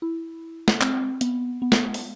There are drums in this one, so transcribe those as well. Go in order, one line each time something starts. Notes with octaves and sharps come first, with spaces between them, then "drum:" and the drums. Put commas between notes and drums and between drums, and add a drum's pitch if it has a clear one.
E4
drum: snare
C4, drum: clap
B3, drum: hi-hat
B3
drum: snare
drum: open hi-hat